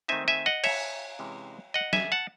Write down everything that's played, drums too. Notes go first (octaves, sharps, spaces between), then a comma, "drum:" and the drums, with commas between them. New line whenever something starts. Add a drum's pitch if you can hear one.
D#3 A3 C4 D#4 E5 G#5
E5 G#5
D#5 F#5
C#5 E5, drum: cymbal
C3 E3 G#3 C#4
D#5 F#5
E5 G#5, drum: snare
F#5 A5